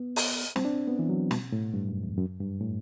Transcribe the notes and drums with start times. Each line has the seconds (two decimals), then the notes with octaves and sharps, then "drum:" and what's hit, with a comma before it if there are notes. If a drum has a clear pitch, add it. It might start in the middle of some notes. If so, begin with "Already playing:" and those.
Already playing: B3
0.16 drum: open hi-hat
0.56 C4, drum: snare
0.65 D4
0.88 B3
0.99 E3
1.09 F#3
1.31 B2, drum: snare
1.52 A2
1.74 G2
1.89 F#2
2.03 E2
2.18 F#2
2.40 G2
2.61 A2